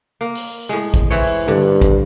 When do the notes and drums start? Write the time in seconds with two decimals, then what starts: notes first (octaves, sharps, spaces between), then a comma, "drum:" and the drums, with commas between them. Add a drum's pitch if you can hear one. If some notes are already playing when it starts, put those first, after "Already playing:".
0.21 A#3
0.35 drum: open hi-hat
0.69 A2 G#3
0.94 drum: kick, hi-hat
1.10 E3 C4 C#5
1.23 drum: open hi-hat
1.48 G2 D3
1.81 drum: kick, hi-hat